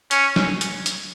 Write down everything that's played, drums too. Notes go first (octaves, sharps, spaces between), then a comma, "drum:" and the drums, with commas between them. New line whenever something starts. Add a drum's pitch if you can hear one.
C#4, drum: hi-hat
drum: snare
drum: hi-hat
drum: hi-hat